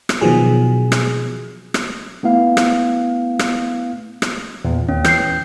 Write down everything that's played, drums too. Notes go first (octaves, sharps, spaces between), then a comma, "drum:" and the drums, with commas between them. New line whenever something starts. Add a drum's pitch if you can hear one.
drum: rim click
B2 D#3 F3 F#3 G#4
drum: rim click
drum: rim click
A3 B3 E4 F5
drum: rim click
drum: rim click
drum: rim click
E2 A#2
D#2 C#4
E3 G6 C7, drum: rim click